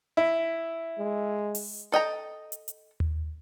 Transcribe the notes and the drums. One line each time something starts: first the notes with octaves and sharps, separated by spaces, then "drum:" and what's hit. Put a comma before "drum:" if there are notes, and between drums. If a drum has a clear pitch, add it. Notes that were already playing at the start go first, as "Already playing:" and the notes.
E4
G#3
drum: open hi-hat
A4 D#5 G5 A#5
drum: hi-hat
drum: hi-hat
drum: tom D#2